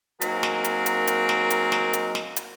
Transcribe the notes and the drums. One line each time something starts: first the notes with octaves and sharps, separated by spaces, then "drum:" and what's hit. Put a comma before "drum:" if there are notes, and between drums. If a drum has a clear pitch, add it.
F#3 A#3 C4 D#4 G#4 A#4, drum: hi-hat
drum: snare
drum: hi-hat
drum: hi-hat
drum: hi-hat
drum: snare
drum: hi-hat
drum: snare
drum: hi-hat
drum: snare
drum: hi-hat